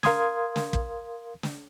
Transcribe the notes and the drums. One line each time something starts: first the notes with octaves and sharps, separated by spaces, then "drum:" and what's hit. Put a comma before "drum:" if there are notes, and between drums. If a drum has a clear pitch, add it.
A#4 F5 C6 D#6 G#6, drum: snare
drum: snare
drum: kick
drum: snare